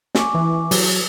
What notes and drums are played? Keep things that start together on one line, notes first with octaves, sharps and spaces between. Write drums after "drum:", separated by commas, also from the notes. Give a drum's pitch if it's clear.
G#5 C#6 D6, drum: snare
E3
F#3, drum: open hi-hat